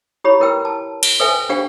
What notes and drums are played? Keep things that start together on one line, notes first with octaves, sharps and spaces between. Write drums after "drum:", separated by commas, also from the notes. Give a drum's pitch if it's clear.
E4 G4 C#5 B5
E4 A#4 B4 G5 E6
A5
drum: cymbal
A4 B4 C5 E5 G5 G#5
D4 G4 C5 F5 G5